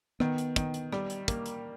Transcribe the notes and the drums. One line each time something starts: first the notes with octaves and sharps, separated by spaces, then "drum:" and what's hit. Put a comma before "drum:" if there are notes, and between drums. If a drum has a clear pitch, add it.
D#3 B3, drum: rim click
drum: hi-hat
D#3, drum: kick, hi-hat
drum: hi-hat
G3, drum: rim click
drum: hi-hat
A#3, drum: kick, hi-hat
drum: hi-hat